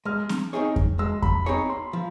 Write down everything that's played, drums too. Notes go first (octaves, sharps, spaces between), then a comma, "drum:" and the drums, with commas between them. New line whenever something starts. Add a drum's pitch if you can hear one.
G#3 F6
drum: snare C4
C4 D#4 G#4 C#5
drum: kick F2
G#3 E6
B5, drum: kick F2
C4 D#4 G#4 C#5 A#5
C6
F3